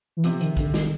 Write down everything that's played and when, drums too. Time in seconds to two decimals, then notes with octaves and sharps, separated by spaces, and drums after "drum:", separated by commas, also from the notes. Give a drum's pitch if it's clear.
0.17 E3
0.24 C3 F3, drum: hi-hat
0.41 D#3, drum: hi-hat
0.57 D3, drum: kick, hi-hat
0.74 D#3, drum: snare